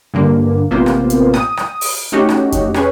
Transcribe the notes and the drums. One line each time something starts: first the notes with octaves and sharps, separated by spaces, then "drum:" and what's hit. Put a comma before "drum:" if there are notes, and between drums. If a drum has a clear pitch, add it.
G2 D3 A#3
A1 C3 A#3 B3 F4 C5
drum: rim click
drum: hi-hat
D#6, drum: rim click
drum: rim click
drum: open hi-hat
A3 C#4 D#4 F#4 G4
drum: rim click
drum: kick F2, hi-hat
C#4 G#4 B4, drum: rim click